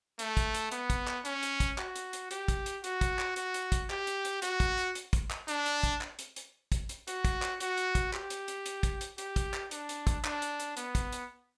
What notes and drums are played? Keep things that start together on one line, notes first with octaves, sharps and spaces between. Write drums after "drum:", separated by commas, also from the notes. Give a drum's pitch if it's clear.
A3, drum: hi-hat
drum: kick, hi-hat
drum: hi-hat
B3, drum: hi-hat
drum: kick, hi-hat
drum: clap
C#4, drum: hi-hat
drum: hi-hat
drum: kick, hi-hat
F#4, drum: clap
drum: hi-hat
drum: hi-hat
G4, drum: hi-hat
drum: kick, hi-hat
drum: hi-hat
F#4, drum: hi-hat
drum: kick, hi-hat
drum: clap
F#4, drum: hi-hat
drum: hi-hat
drum: kick, hi-hat
G4, drum: clap
drum: hi-hat
drum: hi-hat
F#4, drum: hi-hat
drum: kick, hi-hat
drum: hi-hat
drum: hi-hat
drum: kick, hi-hat
drum: clap
D4, drum: hi-hat
drum: hi-hat
drum: kick, hi-hat
drum: clap
drum: hi-hat
drum: hi-hat
drum: kick, hi-hat
drum: hi-hat
F#4, drum: hi-hat
drum: kick, hi-hat
drum: clap
F#4, drum: hi-hat
drum: hi-hat
drum: kick, hi-hat
G4, drum: clap
drum: hi-hat
drum: hi-hat
drum: hi-hat
drum: kick, hi-hat
drum: hi-hat
G4, drum: hi-hat
drum: kick, hi-hat
drum: clap
D4, drum: hi-hat
drum: hi-hat
drum: kick, hi-hat
D4, drum: clap
drum: hi-hat
drum: hi-hat
B3, drum: hi-hat
drum: kick, hi-hat
drum: hi-hat